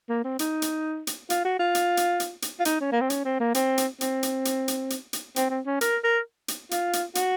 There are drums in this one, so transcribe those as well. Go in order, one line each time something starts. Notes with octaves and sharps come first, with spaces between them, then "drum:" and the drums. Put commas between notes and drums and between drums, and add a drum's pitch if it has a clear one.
A#3
C4
D#4, drum: hi-hat
drum: hi-hat
drum: hi-hat
F4, drum: hi-hat
F#4
F4
drum: hi-hat
drum: hi-hat
drum: hi-hat
drum: hi-hat
F4
D#4, drum: hi-hat
C#4
A#3
C4
C#4, drum: hi-hat
C4
A#3
C4, drum: hi-hat
drum: hi-hat
C4, drum: hi-hat
drum: hi-hat
drum: hi-hat
drum: hi-hat
drum: hi-hat
drum: hi-hat
C4, drum: hi-hat
C4
C#4
A#4, drum: hi-hat
A#4
drum: hi-hat
F4, drum: hi-hat
drum: hi-hat
F#4, drum: hi-hat